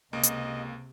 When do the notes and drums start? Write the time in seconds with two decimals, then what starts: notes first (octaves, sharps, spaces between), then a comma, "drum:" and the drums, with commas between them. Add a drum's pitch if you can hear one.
0.13 C#2 C3 A#3 D#5 D7
0.23 drum: hi-hat